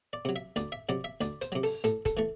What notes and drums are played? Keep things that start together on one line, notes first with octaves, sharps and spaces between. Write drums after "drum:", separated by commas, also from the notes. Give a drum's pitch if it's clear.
D5
C3 F#3
E5
D2 D5, drum: hi-hat
E5
C3 F#3 D5
E5
D2 D5, drum: hi-hat
C5, drum: hi-hat
C3 F#3
A4, drum: open hi-hat
A2 A4, drum: hi-hat
A4, drum: kick, hi-hat
E3 A3